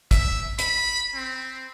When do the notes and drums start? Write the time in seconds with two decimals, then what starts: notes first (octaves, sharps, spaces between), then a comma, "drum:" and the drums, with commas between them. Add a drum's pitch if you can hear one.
0.11 E5, drum: kick, hi-hat
0.59 B5, drum: hi-hat
1.15 C4